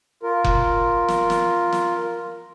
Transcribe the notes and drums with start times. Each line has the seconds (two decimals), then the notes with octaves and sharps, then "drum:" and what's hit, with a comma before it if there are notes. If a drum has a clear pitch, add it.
0.23 F4 A#4
0.44 drum: kick F1
1.08 drum: snare
1.30 drum: snare
1.72 drum: snare